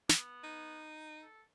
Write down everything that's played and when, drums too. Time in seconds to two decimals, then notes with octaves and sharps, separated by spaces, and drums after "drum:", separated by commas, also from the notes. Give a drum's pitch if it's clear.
0.09 B3, drum: snare
0.44 D#4
1.22 A4